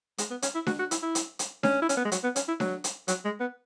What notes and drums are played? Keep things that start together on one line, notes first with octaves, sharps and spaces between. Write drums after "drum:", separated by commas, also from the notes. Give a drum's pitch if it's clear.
G#3, drum: hi-hat
B3
C#4, drum: hi-hat
E4
F#4, drum: snare D4
F#4
E4, drum: hi-hat
E4
drum: hi-hat
drum: hi-hat
C#4, drum: snare D4
E4
C#4, drum: hi-hat
B3
G#3
F#3, drum: hi-hat
B3
C#4, drum: hi-hat
E4
F#3, drum: snare D4
drum: hi-hat
F#3, drum: hi-hat
G#3
B3